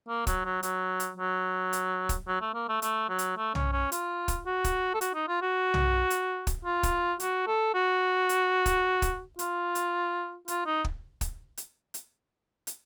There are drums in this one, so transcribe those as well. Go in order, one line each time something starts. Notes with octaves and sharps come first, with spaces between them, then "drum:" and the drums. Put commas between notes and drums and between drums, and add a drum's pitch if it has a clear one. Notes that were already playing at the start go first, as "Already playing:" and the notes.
A#3
F#3, drum: kick, hi-hat
F#3
F#3, drum: hi-hat
drum: hi-hat
F#3
drum: hi-hat
drum: kick, hi-hat
F#3
A3
A#3
A3
A3, drum: hi-hat
F#3
drum: hi-hat
A3
C#4, drum: tom
C#4
F4, drum: hi-hat
drum: kick, hi-hat
F#4
drum: kick, hi-hat
A4
F#4, drum: hi-hat
D#4
F4
F#4
drum: tom
drum: hi-hat
drum: kick, hi-hat
F4
drum: kick, hi-hat
F#4, drum: hi-hat
A4
F#4
drum: hi-hat
drum: kick, hi-hat
drum: kick, hi-hat
F4, drum: hi-hat
drum: hi-hat
F4, drum: hi-hat
D#4
drum: kick
drum: kick, hi-hat
drum: hi-hat
drum: hi-hat
drum: hi-hat